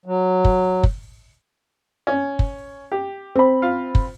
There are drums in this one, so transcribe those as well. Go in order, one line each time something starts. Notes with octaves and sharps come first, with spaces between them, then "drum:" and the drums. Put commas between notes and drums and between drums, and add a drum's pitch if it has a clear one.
F#3
drum: kick
drum: kick
C#4
drum: kick
G4
C4 B5
F4 F5
drum: kick